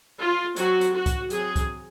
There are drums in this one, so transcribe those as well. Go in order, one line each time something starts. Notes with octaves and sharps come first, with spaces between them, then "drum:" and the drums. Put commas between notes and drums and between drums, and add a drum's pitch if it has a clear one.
F4
F#3 C4 F#4, drum: hi-hat
drum: hi-hat
F#4
drum: kick C2, hi-hat
F#3 C4 G#4, drum: hi-hat
drum: kick C2, hi-hat